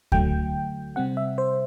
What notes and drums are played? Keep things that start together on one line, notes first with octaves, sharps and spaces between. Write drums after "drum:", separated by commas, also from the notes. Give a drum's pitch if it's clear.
D3 F#3 A3 G5, drum: kick D2
C3 G3 C4 F#5
E5
C5